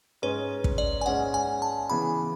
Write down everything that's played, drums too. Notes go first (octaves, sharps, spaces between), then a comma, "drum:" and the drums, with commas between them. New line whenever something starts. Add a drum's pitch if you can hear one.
G#2 G#3 C#4 B4
drum: kick
D5
G#5
G#2 G#3 C#4 F#5
G#5
A5
C#3 E3 B3 B5